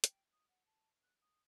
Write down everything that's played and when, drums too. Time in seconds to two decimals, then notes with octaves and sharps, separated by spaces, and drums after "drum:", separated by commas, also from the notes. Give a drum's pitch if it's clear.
0.04 G5, drum: hi-hat
0.33 D#6
0.49 F#5
0.66 A5
1.03 F#6
1.22 D#6